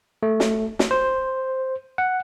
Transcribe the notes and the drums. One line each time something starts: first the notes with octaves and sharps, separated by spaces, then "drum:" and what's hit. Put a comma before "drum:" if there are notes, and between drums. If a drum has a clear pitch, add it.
A3
drum: snare
drum: snare
C5
F#5